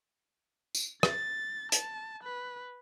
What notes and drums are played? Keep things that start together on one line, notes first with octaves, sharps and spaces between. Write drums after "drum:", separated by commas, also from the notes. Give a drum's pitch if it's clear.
drum: tambourine
A6, drum: rim click
A5, drum: hi-hat
B4